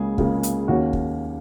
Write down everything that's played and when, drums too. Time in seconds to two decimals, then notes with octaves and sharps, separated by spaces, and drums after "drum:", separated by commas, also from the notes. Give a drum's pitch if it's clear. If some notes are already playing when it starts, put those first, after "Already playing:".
Already playing: C#2 C#3 A#3 G#4
0.18 C#2 C#3 A#3, drum: kick
0.43 drum: hi-hat
0.68 D#2 D#3 A#3 C#4 F#4
0.93 drum: kick